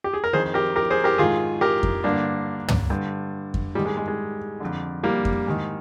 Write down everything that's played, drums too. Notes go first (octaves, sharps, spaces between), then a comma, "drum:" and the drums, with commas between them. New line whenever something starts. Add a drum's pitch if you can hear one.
G4
G#4
A#4
F2 D#3 G#4 C5
G4 A#4
G4 A#4
G#4 C5
G4 A#4
G#2 D#3 F4 G#4
G4 A#4
drum: kick F2
G2 D3 A#3 D4
drum: tom
G2 D3
drum: kick F2
G#2 D#3 G3
G#3
G#3
G#3
F2 D3
G3 A#3
drum: kick F2
G#2 D#3